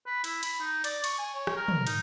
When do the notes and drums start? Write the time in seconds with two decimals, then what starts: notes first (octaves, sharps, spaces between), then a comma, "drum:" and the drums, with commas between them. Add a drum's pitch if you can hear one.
0.06 B4
0.24 E4, drum: cymbal
0.43 B5, drum: cymbal
0.60 D#4
0.84 D5, drum: cymbal
1.04 C#6, drum: cymbal
1.19 G#5
1.34 C#5
1.47 drum: rim click
1.57 A#4
1.68 drum: tom
1.87 D#4, drum: cymbal